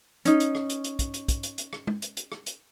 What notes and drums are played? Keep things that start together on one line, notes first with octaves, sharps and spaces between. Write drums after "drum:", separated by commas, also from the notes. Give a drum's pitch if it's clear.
C#4 D#4, drum: hi-hat
drum: hi-hat
drum: rim click
drum: hi-hat
drum: hi-hat
drum: kick, hi-hat
drum: hi-hat
drum: kick, hi-hat
drum: hi-hat
drum: hi-hat
drum: rim click
drum: tom
drum: hi-hat
drum: hi-hat
drum: rim click
drum: hi-hat